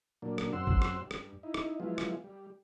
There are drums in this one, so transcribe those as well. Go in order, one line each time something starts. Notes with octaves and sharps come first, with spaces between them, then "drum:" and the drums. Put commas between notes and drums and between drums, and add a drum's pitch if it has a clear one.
A#2 F#3 A#3 D4
drum: rim click
F#2 C4 F#5 C6 E6
drum: kick G#1
drum: rim click
G2
drum: rim click
D#4 E4
drum: rim click
F3 F#3 G#3 B3 E4 F4
drum: rim click
G3